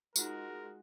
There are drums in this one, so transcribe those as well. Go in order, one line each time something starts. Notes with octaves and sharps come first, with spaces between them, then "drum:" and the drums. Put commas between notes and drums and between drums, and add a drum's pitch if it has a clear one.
G#3 D#4 F4 F#4 A#4, drum: tambourine